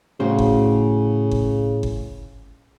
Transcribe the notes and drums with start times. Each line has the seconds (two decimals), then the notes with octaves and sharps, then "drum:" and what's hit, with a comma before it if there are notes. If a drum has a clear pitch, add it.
0.20 A2 C#3 F#4 C5
0.39 drum: kick G1
1.31 drum: kick G1
1.83 drum: kick G1